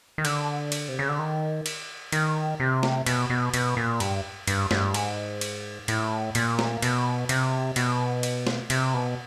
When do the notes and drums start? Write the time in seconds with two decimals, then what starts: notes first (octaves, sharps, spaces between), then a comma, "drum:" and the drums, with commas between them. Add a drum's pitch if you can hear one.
0.18 D#3
0.25 D3, drum: cymbal
0.72 drum: cymbal
0.89 C3
0.99 C#3
1.09 D3
1.19 D#3
1.66 drum: cymbal
2.12 D#3, drum: cymbal
2.60 C3
2.83 drum: snare
3.06 B2, drum: cymbal
3.30 B2
3.54 B2, drum: cymbal
3.77 A#2
4.00 G2, drum: cymbal
4.47 G2, drum: cymbal
4.71 G2, drum: snare
4.94 G#2, drum: cymbal
5.41 drum: cymbal
5.88 A2, drum: cymbal
6.35 A#2, drum: cymbal
6.59 drum: snare
6.82 B2, drum: cymbal
7.29 C3, drum: cymbal
7.76 B2, drum: cymbal
8.23 drum: cymbal
8.47 drum: snare
8.70 C3, drum: cymbal
8.94 B2